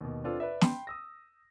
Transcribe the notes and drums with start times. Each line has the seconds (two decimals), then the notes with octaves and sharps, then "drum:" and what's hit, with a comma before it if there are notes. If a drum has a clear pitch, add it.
0.01 D#2 B2
0.24 C4 D4 F4 A4 B4
0.40 B4 D5 E5
0.61 G5 B5 C6, drum: snare
0.87 D#6 E6 A#6